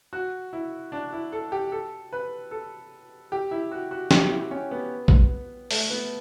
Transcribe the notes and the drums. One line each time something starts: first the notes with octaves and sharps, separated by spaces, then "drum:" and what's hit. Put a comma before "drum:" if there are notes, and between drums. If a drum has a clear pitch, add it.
F#4
E4
D4
E4
A4
G4
A4
B4
A4
G4
E4
F#4
F#4
G4, drum: snare
E4
C#4
B3
drum: kick A#1
A3, drum: open hi-hat
B3